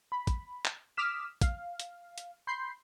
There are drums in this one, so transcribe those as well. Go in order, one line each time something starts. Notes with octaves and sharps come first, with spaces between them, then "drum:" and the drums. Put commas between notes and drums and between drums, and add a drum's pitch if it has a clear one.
B5
drum: kick, hi-hat
drum: clap
D6 D#6 F6 B6 E7
F5, drum: kick, hi-hat
drum: hi-hat
drum: hi-hat
B5 C6 G6 C7